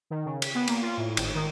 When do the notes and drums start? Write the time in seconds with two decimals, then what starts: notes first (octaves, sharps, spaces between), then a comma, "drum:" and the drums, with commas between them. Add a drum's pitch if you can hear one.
0.10 D#3
0.26 C#3
0.42 B6, drum: cymbal
0.55 B3
0.68 A#3, drum: cymbal
0.82 F4
0.97 A2
1.17 G#1, drum: cymbal
1.35 D#3